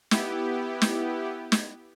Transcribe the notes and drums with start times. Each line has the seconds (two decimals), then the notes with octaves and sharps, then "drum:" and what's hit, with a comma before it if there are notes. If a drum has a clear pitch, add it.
0.11 B3 E4 G4, drum: snare
0.82 drum: snare
1.52 drum: snare